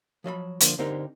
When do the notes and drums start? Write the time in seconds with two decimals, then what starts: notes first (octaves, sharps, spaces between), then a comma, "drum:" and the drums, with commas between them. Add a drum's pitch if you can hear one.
0.24 F3 F#3 D#5 B5
0.60 D3 F3 A#3 D4, drum: hi-hat
0.79 D3 C4 D#4 G4 A#4